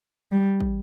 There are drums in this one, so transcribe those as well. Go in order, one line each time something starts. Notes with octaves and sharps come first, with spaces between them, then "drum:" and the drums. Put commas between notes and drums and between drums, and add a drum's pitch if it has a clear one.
G3
drum: kick